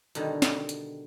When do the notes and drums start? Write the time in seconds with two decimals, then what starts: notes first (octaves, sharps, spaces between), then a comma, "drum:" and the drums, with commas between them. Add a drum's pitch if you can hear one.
0.15 B2 D3 D#3 G3, drum: hi-hat
0.42 drum: snare
0.69 drum: hi-hat